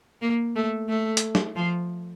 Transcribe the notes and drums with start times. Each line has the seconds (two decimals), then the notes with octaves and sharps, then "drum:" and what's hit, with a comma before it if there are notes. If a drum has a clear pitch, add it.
0.21 A#3
0.56 A3
0.89 A3
1.17 drum: hi-hat
1.35 drum: snare
1.56 F3